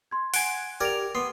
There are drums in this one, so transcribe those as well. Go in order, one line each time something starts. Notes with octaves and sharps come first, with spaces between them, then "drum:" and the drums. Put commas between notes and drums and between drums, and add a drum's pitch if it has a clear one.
C6 G#6
F#5 G#5 D7, drum: open hi-hat
G4 A#4 D5 G#6 F7
B3 C6